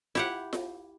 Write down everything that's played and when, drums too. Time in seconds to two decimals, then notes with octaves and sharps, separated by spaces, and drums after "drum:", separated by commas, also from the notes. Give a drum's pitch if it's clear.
0.15 E4 G4 F#5, drum: snare F4
0.53 drum: snare F4